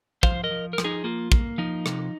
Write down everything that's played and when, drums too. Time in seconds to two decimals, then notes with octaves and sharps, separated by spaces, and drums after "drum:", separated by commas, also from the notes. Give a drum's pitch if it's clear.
0.23 F3 C5 F5, drum: kick
0.44 A#4 D#5
0.51 F3
0.73 A#4
0.78 F3, drum: rim click
0.84 D#4 G#4
1.04 A#3 F4
1.32 A#3, drum: kick
1.58 F3 D#4
1.86 C3, drum: rim click